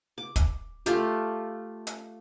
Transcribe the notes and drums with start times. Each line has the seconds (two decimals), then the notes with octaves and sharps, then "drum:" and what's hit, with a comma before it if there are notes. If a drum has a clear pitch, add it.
0.18 D6
0.36 drum: kick, hi-hat
0.86 A3 F4 G4, drum: hi-hat
1.87 drum: hi-hat